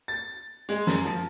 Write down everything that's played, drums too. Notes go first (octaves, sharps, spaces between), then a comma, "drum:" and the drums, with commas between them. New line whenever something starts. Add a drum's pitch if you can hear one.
A6
G#3, drum: hi-hat
F#2, drum: snare
F3